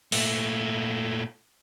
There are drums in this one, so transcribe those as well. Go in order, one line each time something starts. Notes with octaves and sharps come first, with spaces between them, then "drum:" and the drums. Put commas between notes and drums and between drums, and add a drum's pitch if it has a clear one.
A#2 A3, drum: open hi-hat